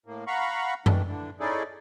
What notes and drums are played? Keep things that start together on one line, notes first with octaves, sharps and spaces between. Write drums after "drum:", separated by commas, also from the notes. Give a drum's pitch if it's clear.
A2 A#3
F5 F#5 A#5 B5 C#6
D#3 E3 A3 D4, drum: tom F#2
D3 E3 D4
C#4 D#4 E4 G#4 A4 D5